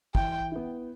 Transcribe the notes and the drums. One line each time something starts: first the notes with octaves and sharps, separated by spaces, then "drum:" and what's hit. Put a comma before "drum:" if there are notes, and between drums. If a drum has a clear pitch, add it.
E3 G5, drum: kick
B3 E4